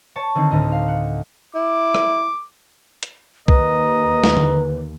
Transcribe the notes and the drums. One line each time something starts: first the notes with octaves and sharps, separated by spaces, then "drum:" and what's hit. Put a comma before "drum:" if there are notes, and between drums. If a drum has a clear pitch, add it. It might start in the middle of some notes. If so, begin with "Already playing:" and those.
C#5 A5 C#6
D3 D#3 C4
D2 A2 D#5
F5
F#5
E4 D6
drum: rim click
drum: hi-hat
D#2 B4 D#5 A#5, drum: kick B1
drum: snare
drum: tom D3